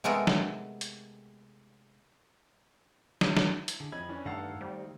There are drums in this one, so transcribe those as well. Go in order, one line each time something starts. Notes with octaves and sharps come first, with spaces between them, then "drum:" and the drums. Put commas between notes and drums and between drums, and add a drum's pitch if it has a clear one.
C3 G#3 A3 B3 A4 A#4
drum: snare
drum: hi-hat
E4, drum: snare
drum: snare
drum: hi-hat
D3 G#4
F2 D#5 B5 G#6
E3 C#4 D4
G2 D#3 A3 A4 F5 F#5 A5
G3 C4